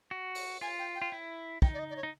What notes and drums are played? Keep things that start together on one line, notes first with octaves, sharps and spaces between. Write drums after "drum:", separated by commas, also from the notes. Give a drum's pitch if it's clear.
F#4
drum: open hi-hat
F4 G#5
G5
G5
F4
E4
D#4 G5, drum: kick
D5
D#5
D5
C#5
D#4